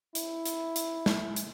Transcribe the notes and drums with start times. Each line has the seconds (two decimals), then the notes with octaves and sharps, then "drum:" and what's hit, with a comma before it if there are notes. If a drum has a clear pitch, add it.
0.15 E4, drum: hi-hat
0.45 drum: hi-hat
0.76 drum: hi-hat
1.06 drum: snare
1.36 drum: hi-hat